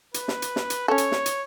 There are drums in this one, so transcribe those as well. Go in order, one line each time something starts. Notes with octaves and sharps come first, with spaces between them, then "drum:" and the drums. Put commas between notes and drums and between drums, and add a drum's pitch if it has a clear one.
B4, drum: hi-hat
drum: snare
drum: hi-hat
drum: snare
drum: hi-hat
C#4 A4 C#5
drum: hi-hat
drum: snare
drum: hi-hat